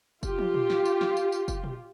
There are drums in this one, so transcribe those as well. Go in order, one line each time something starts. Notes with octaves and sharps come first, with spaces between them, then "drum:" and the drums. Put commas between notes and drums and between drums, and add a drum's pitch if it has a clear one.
F4 G4, drum: kick, tambourine
drum: tom
drum: tom A#2
drum: snare
drum: tambourine
drum: snare
drum: tambourine
drum: tambourine
drum: kick, tambourine
drum: tom A#2